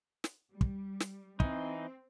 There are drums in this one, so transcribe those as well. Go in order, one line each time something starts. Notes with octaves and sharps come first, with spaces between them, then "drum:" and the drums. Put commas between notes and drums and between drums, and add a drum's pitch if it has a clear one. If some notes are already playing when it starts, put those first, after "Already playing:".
drum: snare
G3
drum: kick
drum: snare
E3 C4 D#4, drum: kick